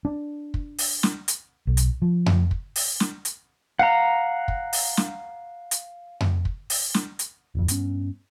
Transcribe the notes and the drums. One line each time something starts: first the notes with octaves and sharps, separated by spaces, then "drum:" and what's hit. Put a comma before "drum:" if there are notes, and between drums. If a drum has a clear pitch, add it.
D4
drum: kick
drum: open hi-hat
drum: snare
drum: hi-hat
B1
drum: hi-hat
F3
drum: tom F2
drum: kick
drum: open hi-hat
drum: snare
drum: hi-hat
F5 F#5 A#5
drum: kick
drum: open hi-hat
drum: snare
drum: hi-hat
drum: tom F2
drum: kick
drum: open hi-hat
drum: snare
drum: hi-hat
D1 F2
G2 B3 C#4, drum: hi-hat